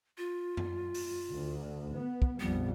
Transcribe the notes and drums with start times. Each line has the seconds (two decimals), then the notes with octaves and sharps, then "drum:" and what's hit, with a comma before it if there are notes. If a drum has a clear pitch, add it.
0.18 F4
0.57 drum: tom F#2
0.94 drum: open hi-hat
1.31 D2
1.94 B3
2.22 drum: kick
2.40 A#1 F2 G3 B3